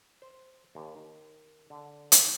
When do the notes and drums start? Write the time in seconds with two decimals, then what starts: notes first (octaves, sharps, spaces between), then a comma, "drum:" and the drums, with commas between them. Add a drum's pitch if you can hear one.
0.22 C5
0.75 D#2
0.96 D#3
1.70 D3
2.12 drum: hi-hat